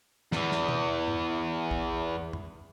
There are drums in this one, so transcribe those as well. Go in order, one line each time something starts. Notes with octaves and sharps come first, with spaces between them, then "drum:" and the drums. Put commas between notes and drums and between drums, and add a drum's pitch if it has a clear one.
E2 E3, drum: snare
drum: snare
drum: tom
drum: tom
drum: kick
drum: tom